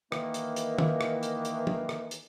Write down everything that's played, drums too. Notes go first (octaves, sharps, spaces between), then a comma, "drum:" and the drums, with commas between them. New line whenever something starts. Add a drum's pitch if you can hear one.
D#3 E3 A#3, drum: rim click
drum: hi-hat
drum: hi-hat
drum: tom
drum: rim click
drum: hi-hat
drum: hi-hat
drum: tom
drum: rim click
drum: hi-hat